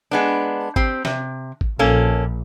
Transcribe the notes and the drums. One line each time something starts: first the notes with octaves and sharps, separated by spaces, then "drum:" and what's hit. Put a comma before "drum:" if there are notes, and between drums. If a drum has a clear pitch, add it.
G#3 B3 D4
C4 G4, drum: kick G#1
C3, drum: snare
drum: kick G#1
A#1 A#3 C#4 A4